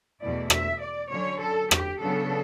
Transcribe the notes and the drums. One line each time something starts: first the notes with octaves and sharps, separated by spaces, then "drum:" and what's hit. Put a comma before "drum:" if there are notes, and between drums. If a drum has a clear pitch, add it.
E2 B2 A3 E4 D5
E5, drum: rim click
D5
D3 F#3 C#4 C#5
A4
G4, drum: rim click
C#3 F#3 B3 D4 A4